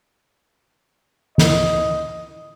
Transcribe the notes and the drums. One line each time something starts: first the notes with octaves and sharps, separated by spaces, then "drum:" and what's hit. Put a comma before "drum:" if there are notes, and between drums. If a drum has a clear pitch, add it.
D#5, drum: snare